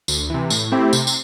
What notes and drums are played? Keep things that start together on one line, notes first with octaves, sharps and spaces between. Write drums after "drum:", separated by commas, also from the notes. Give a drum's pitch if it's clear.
D2, drum: tambourine
C3 E3
A2, drum: tambourine
A3 C4 E4 G4
C3, drum: tambourine
drum: tambourine